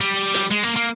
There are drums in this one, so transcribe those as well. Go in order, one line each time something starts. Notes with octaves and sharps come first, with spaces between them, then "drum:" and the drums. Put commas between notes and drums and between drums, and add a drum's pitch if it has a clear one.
G3
drum: hi-hat
G#3
A#3
A#3